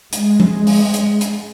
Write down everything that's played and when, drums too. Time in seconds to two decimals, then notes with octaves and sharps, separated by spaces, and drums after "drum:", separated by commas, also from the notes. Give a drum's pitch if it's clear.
0.13 G#3, drum: hi-hat
0.40 drum: tom F3
0.67 drum: open hi-hat
0.94 drum: hi-hat
1.21 drum: hi-hat